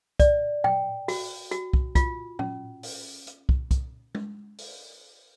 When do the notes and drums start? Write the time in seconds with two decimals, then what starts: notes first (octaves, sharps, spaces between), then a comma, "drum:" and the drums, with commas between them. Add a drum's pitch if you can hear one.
0.20 D5, drum: kick, hi-hat
0.64 G5, drum: tom A2
1.08 F#4, drum: open hi-hat
1.51 F#4, drum: hi-hat
1.73 drum: kick
1.95 F4, drum: kick, hi-hat
2.39 C#4, drum: tom A2
2.83 drum: open hi-hat
3.27 drum: hi-hat
3.49 drum: kick
3.71 drum: kick, hi-hat
4.15 drum: tom
4.58 drum: open hi-hat